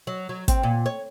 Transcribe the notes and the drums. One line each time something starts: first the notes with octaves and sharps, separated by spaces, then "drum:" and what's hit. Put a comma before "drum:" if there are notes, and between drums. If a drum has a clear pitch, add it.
F#3
F#3
C4, drum: kick, hi-hat
A#2
C#5